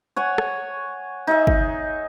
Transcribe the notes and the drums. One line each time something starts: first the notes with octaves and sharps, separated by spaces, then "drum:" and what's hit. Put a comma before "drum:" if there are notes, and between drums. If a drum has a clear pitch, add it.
C#5 F#5 G#5
drum: rim click
D#4 G#4 E5
drum: kick